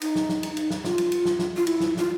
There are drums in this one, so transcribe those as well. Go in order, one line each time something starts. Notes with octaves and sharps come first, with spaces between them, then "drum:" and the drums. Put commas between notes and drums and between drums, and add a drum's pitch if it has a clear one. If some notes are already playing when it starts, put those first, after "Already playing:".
D#4, drum: cymbal
drum: snare
drum: snare
drum: cymbal
drum: cymbal
drum: snare
F4, drum: snare
drum: cymbal
drum: cymbal
drum: snare
drum: snare
F4
E4, drum: cymbal
drum: snare
F4, drum: snare